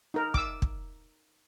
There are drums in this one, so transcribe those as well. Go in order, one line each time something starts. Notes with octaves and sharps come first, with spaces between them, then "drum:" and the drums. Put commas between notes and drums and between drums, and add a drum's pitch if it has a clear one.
D#4 A#4
D6 E6, drum: kick
drum: kick